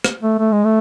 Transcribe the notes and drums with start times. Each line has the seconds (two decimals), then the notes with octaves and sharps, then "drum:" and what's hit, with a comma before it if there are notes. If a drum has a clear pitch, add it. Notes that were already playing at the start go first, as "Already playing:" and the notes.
0.04 drum: rim click
0.23 A3
0.38 A3
0.52 G#3
0.65 A3